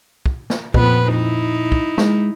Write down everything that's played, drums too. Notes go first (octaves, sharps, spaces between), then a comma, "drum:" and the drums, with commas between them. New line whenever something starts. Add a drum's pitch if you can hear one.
drum: kick
drum: snare
F2 A#2 B3 B4, drum: kick
D#4 E4
drum: kick
G#3, drum: snare